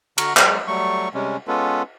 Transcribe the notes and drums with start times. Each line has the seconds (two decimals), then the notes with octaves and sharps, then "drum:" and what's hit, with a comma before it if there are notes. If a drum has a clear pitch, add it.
0.18 D3 F#4 A#5 C#6 F6, drum: cymbal
0.37 F#3 G#3, drum: clap
0.68 F#3 G3 A3 C#6
1.14 C3 G3 G#3 C#4
1.48 G#3 B3 C#4 F4 A4 B4